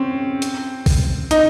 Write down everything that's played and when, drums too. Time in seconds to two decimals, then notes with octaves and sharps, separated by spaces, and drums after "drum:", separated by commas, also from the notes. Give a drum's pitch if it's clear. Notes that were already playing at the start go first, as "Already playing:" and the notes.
Already playing: C4 C#4
0.42 drum: hi-hat
0.86 drum: kick A#1, open hi-hat
1.31 D#4, drum: hi-hat